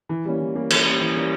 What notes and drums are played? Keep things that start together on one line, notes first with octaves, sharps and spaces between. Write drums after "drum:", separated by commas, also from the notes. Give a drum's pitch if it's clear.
E3
G3 A#3 C#4
E3
G3 A#3 C#4
E3, drum: cymbal
G3 A#3 C#4
E3
G3 A#3 C#4